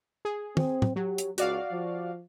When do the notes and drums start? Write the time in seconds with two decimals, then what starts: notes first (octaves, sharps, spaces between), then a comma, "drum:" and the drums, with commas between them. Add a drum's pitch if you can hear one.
0.25 G#4
0.57 C4, drum: tom
0.82 drum: tom
0.96 F#3 G4
1.18 drum: hi-hat
1.38 C#2 F#4 D5 F5, drum: hi-hat
1.72 F3